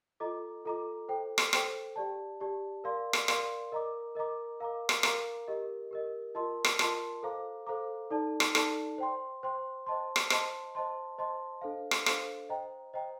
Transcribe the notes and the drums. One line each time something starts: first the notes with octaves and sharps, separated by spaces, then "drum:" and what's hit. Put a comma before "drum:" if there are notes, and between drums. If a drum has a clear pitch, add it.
F4 A4 D#5 A#5 D6
F4 A4 D#5 A#5 D6
A4 C5 G5
drum: rim click
A4 C5 G5, drum: rim click
G4 D5 A5
G4 D5 A5
A#4 D5 F5 C6
drum: rim click
A#4 D5 F5 C6, drum: rim click
A#4 D#5 A#5 D6
A#4 D#5 A#5 D6
A#4 F5 A#5 D6
drum: rim click
A#4 F5 A#5 D6, drum: rim click
G4 A#4 D#5
G4 A#4 D#5
F4 A#4 D#5 A5 C6
drum: rim click
F4 A#4 D#5 A5 C6, drum: rim click
A4 C5 F5 A#5 D6
A4 C5 F5 A#5 D6
D#4 A4 D5 A5
drum: rim click
D#4 A4 D5 A5, drum: rim click
C5 G5 C6
C5 G5 C6
C5 D#5 A5 C6
drum: rim click
C5 D#5 A5 C6, drum: rim click
C5 D#5 A5 C6
C5 D#5 A5 C6
D4 A4 C5 F5
drum: rim click
D4 A4 C5 F5, drum: rim click
C5 D#5 G5 A#5
C5 D#5 G5 A#5